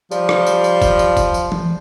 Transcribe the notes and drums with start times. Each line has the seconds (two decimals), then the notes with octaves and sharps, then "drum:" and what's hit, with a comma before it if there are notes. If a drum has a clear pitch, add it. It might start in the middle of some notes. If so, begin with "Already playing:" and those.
0.11 F3 G3, drum: tambourine
0.29 drum: rim click
0.46 drum: tambourine
0.64 drum: tambourine
0.82 drum: kick, tambourine
0.99 drum: tambourine
1.17 drum: kick, tambourine
1.34 drum: tambourine
1.52 drum: tom E3